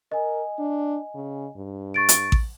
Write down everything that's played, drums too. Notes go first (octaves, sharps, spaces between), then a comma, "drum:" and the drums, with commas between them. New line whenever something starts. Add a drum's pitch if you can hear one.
A#4 D#5 G#5
D4
C#3
G2
C#6 A6 D7
drum: hi-hat
drum: kick A1